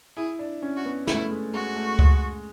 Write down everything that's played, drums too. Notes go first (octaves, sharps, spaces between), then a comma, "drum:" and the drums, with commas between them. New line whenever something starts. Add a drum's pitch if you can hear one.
E4 G#4
D4
C#4
F#4
B3
A3 E4, drum: snare
G#3
G#3 F#4
A3
G#3, drum: kick C#2